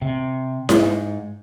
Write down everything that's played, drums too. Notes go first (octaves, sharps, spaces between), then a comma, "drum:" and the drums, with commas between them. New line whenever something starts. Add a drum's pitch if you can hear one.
C3
G#2, drum: snare E4